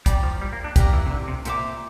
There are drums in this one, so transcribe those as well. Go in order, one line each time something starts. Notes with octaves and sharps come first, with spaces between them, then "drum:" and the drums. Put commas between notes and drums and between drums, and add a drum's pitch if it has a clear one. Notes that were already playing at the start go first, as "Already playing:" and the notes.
G3 D5 G5 A#5 D6, drum: kick, hi-hat
F3
G3
A#3
D4
G4 D5 F5 A#5, drum: kick, hi-hat
E3
C3
D3
C3
A#2 C5 E5 A#5 D6, drum: hi-hat